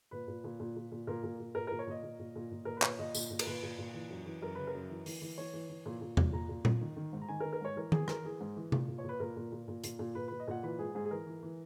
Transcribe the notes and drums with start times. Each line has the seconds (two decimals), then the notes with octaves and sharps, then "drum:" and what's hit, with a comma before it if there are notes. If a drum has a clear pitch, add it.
0.11 A#2 B4
0.28 A#2
0.44 A#2
0.60 A#2
0.76 A#2
0.92 A#2
1.07 A#2 A#4
1.23 A#2
1.40 A#2
1.55 A#2 A#4
1.67 A#2 A#4
1.79 C#5
1.87 A#2 D#5
2.03 A#2
2.19 A#2
2.35 A#2
2.51 A#2
2.65 A#2 A#4
2.77 B4
2.82 A#2, drum: clap
2.87 C#5
2.99 A#2 D#5
3.15 A#2, drum: tambourine
3.31 A#2
3.39 A#4, drum: cymbal
3.47 A#2 B4
3.63 A#2
3.78 A#2
3.94 E3
4.10 F#2
4.26 E3
4.42 F#2 A#4
4.55 C#3 B4
4.67 A#4
4.74 F#2
4.89 E3
5.06 E3, drum: open hi-hat
5.22 E3
5.38 E3 C#5
5.53 E3
5.69 E3
5.86 A#2
6.01 A#2
6.17 A#2, drum: tom E2
6.33 A#2 A#5
6.49 A#2
6.65 A#2, drum: tom A#2
6.81 D#3
6.97 D#3
7.13 G#2
7.21 A#5
7.29 D#3 G#5
7.40 A#4
7.45 D#3
7.53 A#4
7.61 G#2 C#5
7.76 E3 A#4
7.92 E3 G#4, drum: tom D#3
8.08 E3 A#4, drum: rim click
8.24 E3 G#4
8.40 G#2
8.57 E3
8.72 A#2, drum: tom C3
8.88 A#2
8.98 C#5
9.04 A#2 B4
9.20 A#2 A#4
9.36 A#2
9.52 A#2
9.68 A#2
9.84 A#2, drum: hi-hat
9.99 A#2
10.15 A#2 B4
10.28 A#2 B4
10.40 D#5
10.48 A#2 F#5
10.63 E3 B4
10.79 G#2 G#4
10.95 G#2 G#4
11.05 G#4
11.11 E3 A#4
11.27 E3
11.43 E3